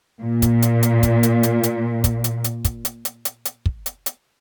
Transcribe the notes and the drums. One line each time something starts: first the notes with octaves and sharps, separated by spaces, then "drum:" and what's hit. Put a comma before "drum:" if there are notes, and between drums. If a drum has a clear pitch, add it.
A#2
drum: kick, hi-hat
drum: hi-hat
drum: hi-hat
drum: kick, hi-hat
drum: hi-hat
drum: hi-hat
drum: hi-hat
drum: kick, hi-hat
drum: hi-hat
drum: hi-hat
drum: kick, hi-hat
drum: hi-hat
drum: hi-hat
drum: hi-hat
drum: hi-hat
drum: kick
drum: hi-hat
drum: hi-hat